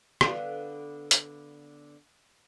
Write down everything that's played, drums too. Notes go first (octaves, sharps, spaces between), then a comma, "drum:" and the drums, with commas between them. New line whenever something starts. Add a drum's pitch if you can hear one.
D3 B3 F5, drum: rim click
drum: hi-hat